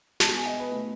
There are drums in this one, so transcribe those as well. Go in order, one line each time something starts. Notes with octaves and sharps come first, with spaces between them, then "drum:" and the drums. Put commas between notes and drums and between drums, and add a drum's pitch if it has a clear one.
B2 G#3 A5, drum: snare
G#5
D#5
B4
B2 A3